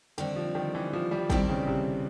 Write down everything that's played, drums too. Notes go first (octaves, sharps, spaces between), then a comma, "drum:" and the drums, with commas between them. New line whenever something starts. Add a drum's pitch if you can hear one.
D3 D#3 G3 C4
F3
D#3
E3
F3
G3
D#3 G3 C4 E4 A4 D5, drum: kick
C#3
C3